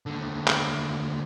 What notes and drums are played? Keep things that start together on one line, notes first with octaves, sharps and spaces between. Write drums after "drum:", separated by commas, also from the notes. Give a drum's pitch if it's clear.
D#2 D3
drum: clap